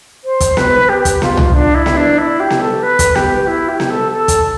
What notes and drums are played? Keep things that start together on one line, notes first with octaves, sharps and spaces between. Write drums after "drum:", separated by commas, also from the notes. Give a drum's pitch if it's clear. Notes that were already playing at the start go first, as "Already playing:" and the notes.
C5
drum: kick, hi-hat
B4, drum: snare B3
G4
drum: kick, hi-hat
F4, drum: snare B3
drum: tom C2
D4
E4
drum: snare B3
D4
E4
G4
drum: snare B3
A4
B4
drum: kick, hi-hat
G4, drum: snare B3
E4
G4
drum: snare B3
A4
A4
drum: kick, hi-hat